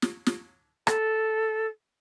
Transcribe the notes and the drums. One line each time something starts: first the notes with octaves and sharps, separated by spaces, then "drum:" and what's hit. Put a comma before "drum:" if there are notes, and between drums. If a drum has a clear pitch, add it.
drum: snare
drum: snare
A4, drum: rim click